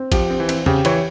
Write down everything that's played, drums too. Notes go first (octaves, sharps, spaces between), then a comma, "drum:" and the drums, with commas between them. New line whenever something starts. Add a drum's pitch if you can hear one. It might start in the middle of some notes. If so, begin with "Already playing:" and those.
Already playing: C4
F3 G4, drum: kick A1, cymbal
C4
E3
C4, drum: cymbal
C#3 G4, drum: tom E2
E3 C#5, drum: cymbal